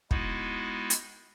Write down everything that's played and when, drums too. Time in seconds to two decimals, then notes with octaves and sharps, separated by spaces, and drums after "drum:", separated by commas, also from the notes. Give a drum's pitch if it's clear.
0.11 G#3 B3 D#4 E4 F#4, drum: kick
0.90 drum: hi-hat